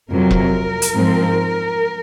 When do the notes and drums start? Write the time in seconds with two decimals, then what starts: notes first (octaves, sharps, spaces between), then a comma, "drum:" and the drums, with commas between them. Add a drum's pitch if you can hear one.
0.11 F2 C3 F#3 A#4
0.31 drum: kick E1
0.82 drum: hi-hat
0.95 G#2 F3 C4